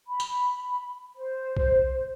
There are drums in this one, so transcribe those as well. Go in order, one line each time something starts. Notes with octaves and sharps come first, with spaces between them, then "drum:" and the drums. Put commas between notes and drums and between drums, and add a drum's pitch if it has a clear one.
B5
drum: tambourine
C5
drum: kick B1